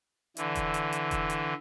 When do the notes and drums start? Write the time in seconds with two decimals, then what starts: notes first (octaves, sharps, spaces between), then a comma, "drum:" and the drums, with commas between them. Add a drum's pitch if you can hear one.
0.37 D3 E3, drum: hi-hat
0.55 drum: kick E1, hi-hat
0.74 drum: hi-hat
0.93 drum: hi-hat
1.11 drum: kick E1, hi-hat
1.30 drum: hi-hat